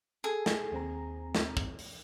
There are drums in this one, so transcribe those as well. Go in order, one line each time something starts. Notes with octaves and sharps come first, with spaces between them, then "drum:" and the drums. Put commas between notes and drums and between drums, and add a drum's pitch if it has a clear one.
G#4 A4
drum: snare
D#2 C4 A#5
drum: snare
drum: kick
drum: open hi-hat